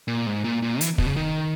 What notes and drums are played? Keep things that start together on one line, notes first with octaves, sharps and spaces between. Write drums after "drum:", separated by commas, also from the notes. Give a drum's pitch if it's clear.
A#2
G#2
A#2
A#2
E3, drum: hi-hat
B2, drum: kick
C#3
D#3